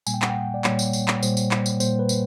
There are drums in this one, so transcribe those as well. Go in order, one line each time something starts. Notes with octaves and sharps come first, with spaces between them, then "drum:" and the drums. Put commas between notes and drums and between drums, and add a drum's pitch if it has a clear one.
A#2 G3 A#3 G#5, drum: tambourine
G5
F#5, drum: clap
G5
D5
A#2 G3 A#3 C#5, drum: clap
drum: tambourine
drum: tambourine
drum: clap
A#2 G3 A#3 C5, drum: tambourine
drum: tambourine
drum: clap
drum: tambourine
A#2 G3 A#3 C5, drum: tambourine
B4
drum: tambourine